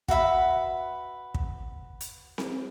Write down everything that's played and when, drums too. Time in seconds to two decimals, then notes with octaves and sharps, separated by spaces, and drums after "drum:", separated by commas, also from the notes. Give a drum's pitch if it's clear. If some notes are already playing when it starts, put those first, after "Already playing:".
0.08 F#4 B4 E5 B5, drum: kick
1.35 drum: kick
2.00 drum: hi-hat
2.38 drum: snare C4